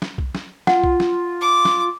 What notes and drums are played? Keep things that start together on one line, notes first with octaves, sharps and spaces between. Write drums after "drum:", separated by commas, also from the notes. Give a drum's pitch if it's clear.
drum: snare
drum: kick B1
drum: snare
F4 F#5, drum: snare
drum: kick B1
drum: snare
D6
drum: snare